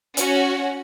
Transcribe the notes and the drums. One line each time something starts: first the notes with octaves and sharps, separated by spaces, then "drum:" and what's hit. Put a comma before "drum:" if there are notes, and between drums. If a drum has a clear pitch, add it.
C#4 F#4, drum: hi-hat